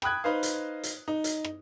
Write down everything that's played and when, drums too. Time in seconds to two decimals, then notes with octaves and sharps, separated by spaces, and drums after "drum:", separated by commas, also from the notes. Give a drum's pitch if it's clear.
0.02 G5 B5 D#6 F#6 G#6, drum: rim click
0.24 D#4 B4 C5 F5
0.43 drum: hi-hat
0.83 drum: hi-hat
1.08 D#4
1.24 drum: hi-hat
1.44 drum: rim click